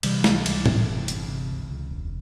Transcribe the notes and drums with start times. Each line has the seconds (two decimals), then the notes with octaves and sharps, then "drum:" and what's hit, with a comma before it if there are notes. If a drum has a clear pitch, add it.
0.03 C3 E3 G3, drum: cymbal
0.24 C#2, drum: snare
0.46 C#2, drum: cymbal
0.66 G1, drum: tom A2
0.87 C3
1.08 G1, drum: hi-hat
1.28 C3
1.49 C#2
1.70 C#2
1.91 E1